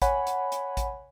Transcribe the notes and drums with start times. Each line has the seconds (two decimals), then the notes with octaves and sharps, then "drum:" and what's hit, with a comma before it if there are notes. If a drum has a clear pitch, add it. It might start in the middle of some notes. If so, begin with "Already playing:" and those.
0.02 C#5 F#5 G#5 B5, drum: kick A1, hi-hat
0.27 drum: hi-hat
0.52 drum: hi-hat
0.77 drum: kick A1, hi-hat